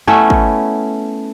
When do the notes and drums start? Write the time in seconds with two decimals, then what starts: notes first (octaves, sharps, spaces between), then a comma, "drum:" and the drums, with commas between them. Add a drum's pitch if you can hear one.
0.08 A3 B3 C#4 E4
0.30 drum: kick